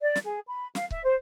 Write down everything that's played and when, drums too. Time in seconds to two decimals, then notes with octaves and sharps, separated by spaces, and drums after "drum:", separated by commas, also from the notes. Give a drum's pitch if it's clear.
0.01 D5
0.16 drum: snare
0.25 G#4
0.47 B5
0.75 F5, drum: snare
0.91 E5, drum: kick C#1
1.04 C5